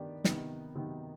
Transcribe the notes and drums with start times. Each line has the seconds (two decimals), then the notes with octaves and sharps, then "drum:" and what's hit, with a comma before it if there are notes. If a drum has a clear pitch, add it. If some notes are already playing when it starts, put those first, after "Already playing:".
Already playing: D#3 B3 D4 G4
0.24 C3 D#3 B3 D#4, drum: snare
0.75 C3 D#3 B3 D#4